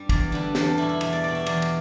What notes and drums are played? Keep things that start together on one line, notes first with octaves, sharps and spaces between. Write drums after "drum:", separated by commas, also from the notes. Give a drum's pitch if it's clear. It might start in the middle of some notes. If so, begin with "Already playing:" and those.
Already playing: G2 G3
E2 D5, drum: kick, cymbal
D3 G3 B4
E2 A4, drum: snare
G4
B2 G3 E4
E4
E2 E5, drum: cymbal
D5
B2 G3 D5
E5
E2 D5, drum: cymbal
drum: cymbal